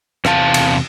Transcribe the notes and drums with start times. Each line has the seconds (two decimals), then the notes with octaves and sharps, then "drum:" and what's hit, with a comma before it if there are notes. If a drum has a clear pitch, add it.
0.25 E2 C3 F5 A5, drum: rim click
0.54 drum: cymbal